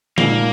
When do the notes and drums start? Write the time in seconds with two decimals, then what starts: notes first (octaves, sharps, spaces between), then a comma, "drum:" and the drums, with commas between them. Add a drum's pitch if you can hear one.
0.18 A#2 G#3 A#3 D#4, drum: tom D3